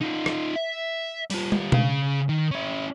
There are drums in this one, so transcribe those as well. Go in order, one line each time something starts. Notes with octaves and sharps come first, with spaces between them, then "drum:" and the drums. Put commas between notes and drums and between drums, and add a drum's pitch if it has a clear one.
D#4 F4
drum: rim click
E5
G3 F4, drum: open hi-hat
drum: tom
C#3 F5, drum: tom B2
D#3
C#4 E4